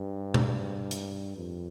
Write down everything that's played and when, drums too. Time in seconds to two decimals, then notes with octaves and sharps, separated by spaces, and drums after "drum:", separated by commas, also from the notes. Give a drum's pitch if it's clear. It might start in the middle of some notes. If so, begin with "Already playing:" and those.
Already playing: G2
0.34 drum: tom B2
0.91 drum: hi-hat
1.37 F2